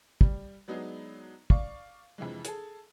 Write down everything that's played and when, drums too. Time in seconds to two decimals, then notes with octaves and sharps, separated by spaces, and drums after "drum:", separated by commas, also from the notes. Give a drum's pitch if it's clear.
0.21 G3, drum: kick
0.68 F#3 G#3 B3 D4 D#4 G#4
1.50 D5 F5 C#6, drum: kick
2.18 F2 C3 E3 G#3
2.45 G#4 A4, drum: hi-hat